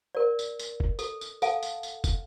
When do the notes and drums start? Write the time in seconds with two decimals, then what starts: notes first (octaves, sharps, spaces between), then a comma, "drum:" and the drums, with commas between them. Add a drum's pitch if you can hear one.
0.15 A#4 D5
0.39 drum: tambourine
0.59 drum: tambourine
0.80 drum: kick
0.99 A4, drum: tambourine
1.21 drum: tambourine
1.42 A4 F5 F#5 G#5 A5, drum: tambourine
1.63 drum: tambourine
1.83 drum: tambourine
2.04 drum: kick, tambourine